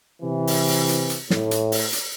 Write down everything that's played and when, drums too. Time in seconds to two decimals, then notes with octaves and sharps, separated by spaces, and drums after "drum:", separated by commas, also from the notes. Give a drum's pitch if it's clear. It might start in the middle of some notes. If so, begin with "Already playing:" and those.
0.22 C3 E3
0.47 drum: open hi-hat
0.68 drum: open hi-hat
0.89 drum: hi-hat
1.10 drum: hi-hat
1.30 A2, drum: snare
1.51 drum: hi-hat
1.72 drum: open hi-hat
1.93 drum: hi-hat